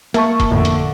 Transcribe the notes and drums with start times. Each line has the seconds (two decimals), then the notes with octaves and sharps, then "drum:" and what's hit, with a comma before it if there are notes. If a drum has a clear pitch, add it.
0.14 A#3 E5 A5 C#6, drum: hi-hat
0.40 drum: kick, hi-hat
0.51 F2 A2 D3
0.65 drum: hi-hat